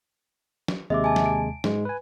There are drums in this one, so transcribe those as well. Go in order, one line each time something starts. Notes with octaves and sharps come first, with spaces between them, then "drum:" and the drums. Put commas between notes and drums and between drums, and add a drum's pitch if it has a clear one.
drum: snare
D#2 C3 G#3 D#5 E5 D6
G#5 A5
drum: snare
D7
G#2 G#3, drum: snare
B4 G#5